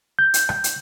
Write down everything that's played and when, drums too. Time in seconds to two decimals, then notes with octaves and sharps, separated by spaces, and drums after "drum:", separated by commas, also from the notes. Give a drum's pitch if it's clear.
0.19 G6
0.34 drum: hi-hat
0.49 drum: rim click
0.64 drum: hi-hat